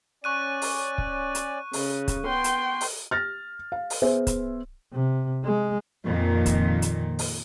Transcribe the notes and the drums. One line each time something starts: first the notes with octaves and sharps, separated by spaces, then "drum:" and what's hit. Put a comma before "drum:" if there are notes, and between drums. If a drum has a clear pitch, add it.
C#4 D5 C#6 F#6 D#7
drum: open hi-hat
drum: kick
drum: hi-hat
C#3, drum: open hi-hat
drum: kick, hi-hat
B3 G5 C6
drum: hi-hat
drum: open hi-hat
F6 A6 A#6
F5
drum: open hi-hat
B3 G#4 C5 E5
drum: kick, hi-hat
C3
G#3
F2 A#2 D#3
drum: kick, hi-hat
drum: hi-hat
drum: open hi-hat